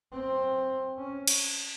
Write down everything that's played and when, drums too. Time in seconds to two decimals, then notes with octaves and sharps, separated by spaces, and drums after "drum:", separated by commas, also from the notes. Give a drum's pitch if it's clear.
0.12 C4
0.97 C#4
1.28 drum: cymbal